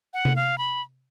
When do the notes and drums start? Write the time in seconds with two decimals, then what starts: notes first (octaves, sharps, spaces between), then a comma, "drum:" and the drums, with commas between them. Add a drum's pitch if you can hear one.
0.13 F#5
0.25 drum: tom C3
0.36 F5
0.58 B5